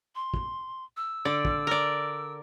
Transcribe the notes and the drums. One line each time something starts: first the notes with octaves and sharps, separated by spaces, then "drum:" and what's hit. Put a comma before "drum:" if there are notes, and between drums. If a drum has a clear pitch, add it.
C6
drum: kick
E6
D3 D5
drum: kick
A#4 D5